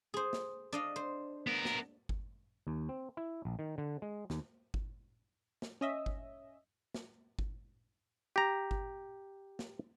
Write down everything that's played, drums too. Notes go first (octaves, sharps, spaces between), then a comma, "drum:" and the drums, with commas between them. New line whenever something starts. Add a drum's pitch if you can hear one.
G#4 C5
drum: snare
D4 D#5 F5
C5
B3 A#4
drum: snare
drum: kick G1
D#2
C4
E4
A#1
D#3
D3
G#3
D#2, drum: snare
drum: kick G1
drum: snare
C#4 D#5 E5
drum: kick G1
drum: snare
drum: kick G1
G4 A#5
drum: kick G1
drum: snare